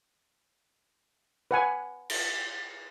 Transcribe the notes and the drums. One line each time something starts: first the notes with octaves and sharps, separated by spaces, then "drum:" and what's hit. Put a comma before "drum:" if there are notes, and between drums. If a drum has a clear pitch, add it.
B4 F#5 G#5
drum: cymbal